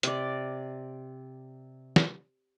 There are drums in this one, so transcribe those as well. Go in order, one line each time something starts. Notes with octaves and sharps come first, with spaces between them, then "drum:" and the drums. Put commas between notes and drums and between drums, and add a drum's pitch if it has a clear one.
C3 D5, drum: hi-hat
drum: snare